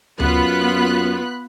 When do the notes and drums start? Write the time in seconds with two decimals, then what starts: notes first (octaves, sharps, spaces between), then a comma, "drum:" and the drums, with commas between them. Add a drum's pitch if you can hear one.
0.20 F#2 B3 F4 B5 F#6, drum: tom D2